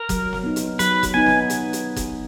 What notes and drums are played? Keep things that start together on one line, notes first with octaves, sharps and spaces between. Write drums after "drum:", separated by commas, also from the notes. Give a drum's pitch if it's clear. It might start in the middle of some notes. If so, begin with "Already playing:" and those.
Already playing: A#4
F#3, drum: kick F#1, hi-hat
drum: snare
B3 D#4
drum: hi-hat
F#3 B4, drum: hi-hat
drum: kick F#1, hi-hat
B3 D#4 G#5
drum: snare
drum: hi-hat
drum: hi-hat
drum: kick F#1, hi-hat